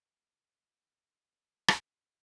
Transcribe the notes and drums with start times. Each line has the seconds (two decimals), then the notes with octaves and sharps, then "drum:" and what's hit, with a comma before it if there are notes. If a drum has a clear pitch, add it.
0.10 A2 C3 E3
0.46 E2 A#2 D#3 G3 F#4
1.23 B3 C4 F4 D#5
1.68 drum: rim click